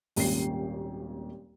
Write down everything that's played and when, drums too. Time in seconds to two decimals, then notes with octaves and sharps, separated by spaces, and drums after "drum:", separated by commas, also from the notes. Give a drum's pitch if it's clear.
0.16 D#1 G#1 D#2 C#4 G5 C7, drum: open hi-hat